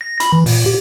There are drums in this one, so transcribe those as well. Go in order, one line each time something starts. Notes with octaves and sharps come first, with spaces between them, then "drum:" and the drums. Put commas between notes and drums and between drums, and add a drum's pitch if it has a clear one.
A#6
B5, drum: hi-hat
E3
A#2, drum: open hi-hat
G4